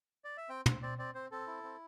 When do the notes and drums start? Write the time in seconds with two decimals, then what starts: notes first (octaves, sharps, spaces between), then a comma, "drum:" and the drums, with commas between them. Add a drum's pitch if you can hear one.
0.24 D5
0.37 E5
0.49 C4 G5
0.66 C4, drum: tom
0.82 C4 D5
0.98 C4 D5
1.15 C4 C5
1.31 C4 A4
1.47 E4
1.63 C4